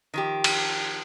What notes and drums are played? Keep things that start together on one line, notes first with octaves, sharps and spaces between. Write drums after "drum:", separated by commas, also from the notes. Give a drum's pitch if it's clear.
D#3 F3 G4
drum: cymbal